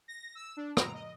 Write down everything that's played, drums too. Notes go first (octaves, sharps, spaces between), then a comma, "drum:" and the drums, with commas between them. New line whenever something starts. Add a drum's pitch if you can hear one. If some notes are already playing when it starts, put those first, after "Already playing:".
A#6
E6
D4
A#5, drum: rim click
D#5